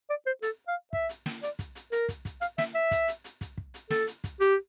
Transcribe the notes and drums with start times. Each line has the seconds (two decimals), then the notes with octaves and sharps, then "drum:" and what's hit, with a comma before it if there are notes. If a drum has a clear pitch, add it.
0.10 D5
0.26 C5
0.42 A4, drum: hi-hat
0.68 F5
0.93 E5, drum: kick
1.09 drum: hi-hat
1.26 drum: snare
1.43 D5, drum: hi-hat
1.59 drum: kick, hi-hat
1.75 drum: hi-hat
1.92 A#4, drum: hi-hat
2.09 drum: kick, hi-hat
2.25 drum: kick, hi-hat
2.41 F5, drum: hi-hat
2.58 E5, drum: snare
2.75 E5
2.91 drum: kick, hi-hat
3.08 drum: hi-hat
3.24 drum: hi-hat
3.41 drum: kick, hi-hat
3.58 drum: kick
3.74 drum: hi-hat
3.90 A4, drum: snare
4.07 drum: hi-hat
4.24 drum: kick, hi-hat
4.41 G4, drum: hi-hat